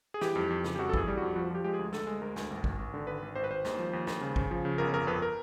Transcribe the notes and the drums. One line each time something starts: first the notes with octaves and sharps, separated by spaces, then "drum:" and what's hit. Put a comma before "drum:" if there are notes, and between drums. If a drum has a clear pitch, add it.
G#4
E3 G4, drum: snare
F2
F2
C#3, drum: snare
G4
F2 F#4
A4
E3 G#4, drum: kick
G3
F2 F#4
F3 F#4
F3 G4
G#3 G4
G#4
D2
D2 A4, drum: snare
G#3
D2 A#4
D2, drum: snare
G#1
G#1, drum: kick
G#1
D3
G#1 B4
G#1
G#1 C5
B4
G#1 C5
D#2, drum: snare
F3
D#2
D#2, drum: snare
C#3
C#3, drum: kick
F3
C#3
G1 A#4
F2 A#4
F2 B4
A#4